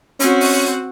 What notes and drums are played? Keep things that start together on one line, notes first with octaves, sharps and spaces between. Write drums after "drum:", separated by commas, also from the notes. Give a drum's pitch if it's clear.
C4 C#4 F#4, drum: hi-hat
drum: open hi-hat